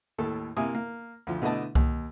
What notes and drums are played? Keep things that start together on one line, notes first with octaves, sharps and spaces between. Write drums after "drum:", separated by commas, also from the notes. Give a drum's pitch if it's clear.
D#2 A2 A4
C3 A#3 E4 G#5 D#6
A#3
D2 F3
B2 D3 A3 E4 D#5 A5
D#2, drum: kick C2